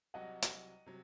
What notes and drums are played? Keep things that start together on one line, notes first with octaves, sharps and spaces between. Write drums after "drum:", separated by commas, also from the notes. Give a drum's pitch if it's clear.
C2 C3 F#3 D#5 F#5
drum: hi-hat
C3 F#3